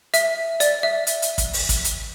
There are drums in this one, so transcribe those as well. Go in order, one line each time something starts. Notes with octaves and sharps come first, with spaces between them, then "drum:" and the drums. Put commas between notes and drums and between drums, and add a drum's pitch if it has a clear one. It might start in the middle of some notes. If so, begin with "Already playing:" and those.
E5, drum: hi-hat
D5, drum: hi-hat
E5
drum: hi-hat
drum: hi-hat
drum: kick, hi-hat
drum: open hi-hat
drum: kick, hi-hat
drum: hi-hat